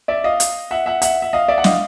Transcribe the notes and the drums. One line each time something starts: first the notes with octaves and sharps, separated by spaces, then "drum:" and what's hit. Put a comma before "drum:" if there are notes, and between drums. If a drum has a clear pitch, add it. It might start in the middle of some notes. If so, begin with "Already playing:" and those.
D5 E5
D#5 F5
drum: hi-hat
E5 F#5
E5 F#5
E5 F#5, drum: hi-hat
E5
D#5 F5
D5 E5
F#5
D#5 F5, drum: snare